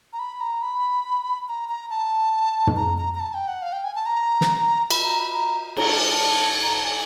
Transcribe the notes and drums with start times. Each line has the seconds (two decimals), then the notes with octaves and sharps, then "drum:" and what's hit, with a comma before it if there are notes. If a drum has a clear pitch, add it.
0.13 A#5
0.19 B5
0.40 A#5
0.62 B5
1.48 A#5
1.69 A#5
1.90 A5
2.67 drum: tom
2.76 A#5
2.98 A#5
3.14 A#5
3.20 A5
3.34 G5
3.48 F#5
3.62 F5
3.73 G5
3.84 G#5
3.95 A5
4.06 A#5
4.41 drum: snare
4.90 B5, drum: cymbal
5.05 A#5
5.19 B5
5.33 A#5
5.77 A#5, drum: cymbal
5.88 A5
6.00 G#5
6.11 A5
6.63 A#5
6.74 A5
6.84 G#5